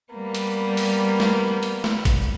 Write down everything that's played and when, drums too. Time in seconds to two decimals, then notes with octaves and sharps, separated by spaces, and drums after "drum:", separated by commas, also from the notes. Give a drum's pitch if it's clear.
0.13 G3 A#3 B3
0.35 drum: hi-hat
0.77 drum: open hi-hat
1.20 drum: snare
1.63 drum: hi-hat
1.84 drum: snare
2.05 drum: kick, hi-hat